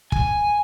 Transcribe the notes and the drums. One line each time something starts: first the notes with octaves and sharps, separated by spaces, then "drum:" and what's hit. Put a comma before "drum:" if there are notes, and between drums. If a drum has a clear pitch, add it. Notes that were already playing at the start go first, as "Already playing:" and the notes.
G#5, drum: kick